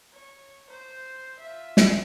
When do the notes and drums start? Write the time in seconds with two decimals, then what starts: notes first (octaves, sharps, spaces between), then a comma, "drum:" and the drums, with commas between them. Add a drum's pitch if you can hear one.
0.13 C#5
0.69 C5
1.39 F4 E5
1.77 drum: snare